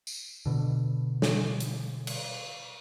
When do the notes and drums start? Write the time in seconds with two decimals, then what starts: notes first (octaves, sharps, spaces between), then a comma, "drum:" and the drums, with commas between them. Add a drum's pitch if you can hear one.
0.07 drum: tambourine
0.46 B2 D3
1.22 drum: snare
1.60 drum: hi-hat
2.07 drum: cymbal